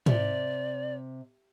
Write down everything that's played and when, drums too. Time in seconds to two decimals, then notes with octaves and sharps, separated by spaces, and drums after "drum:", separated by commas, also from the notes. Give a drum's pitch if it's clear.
0.06 C3 D5, drum: tom